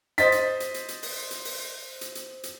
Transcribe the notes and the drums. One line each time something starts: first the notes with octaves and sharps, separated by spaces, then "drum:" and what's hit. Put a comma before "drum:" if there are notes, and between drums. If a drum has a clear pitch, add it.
C5 D#5 A6 B6, drum: hi-hat
drum: hi-hat
drum: hi-hat
drum: hi-hat
drum: hi-hat
drum: open hi-hat
drum: hi-hat
drum: open hi-hat
drum: hi-hat
drum: hi-hat
drum: hi-hat